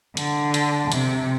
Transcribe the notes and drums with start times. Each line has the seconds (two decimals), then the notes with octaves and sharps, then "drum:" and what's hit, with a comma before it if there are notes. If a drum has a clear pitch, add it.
0.17 D3, drum: hi-hat
0.54 drum: hi-hat
0.92 C3, drum: hi-hat